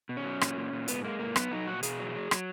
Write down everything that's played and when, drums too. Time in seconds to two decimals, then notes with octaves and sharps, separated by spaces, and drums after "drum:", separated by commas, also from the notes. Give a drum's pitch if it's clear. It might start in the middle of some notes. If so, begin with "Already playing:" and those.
0.09 B2
0.17 C#4
0.25 F#3
0.41 A#2, drum: rim click
0.56 A#2
0.73 A#2
0.88 G#2 B3, drum: hi-hat
1.04 G#3 A#3
1.19 G#2 A#3
1.36 F#3 B3, drum: rim click
1.51 F#3 D#4
1.67 A#2 F#4
1.83 B2 G#4, drum: hi-hat
2.00 F#3
2.15 F#3
2.31 F#3, drum: rim click